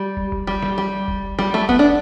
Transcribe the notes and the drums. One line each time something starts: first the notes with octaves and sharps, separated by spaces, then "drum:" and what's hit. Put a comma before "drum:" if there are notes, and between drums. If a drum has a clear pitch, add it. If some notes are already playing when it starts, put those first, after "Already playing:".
Already playing: G3
drum: kick
drum: kick
G3
drum: snare
G3
drum: kick
G3, drum: snare
A3
B3, drum: kick
D4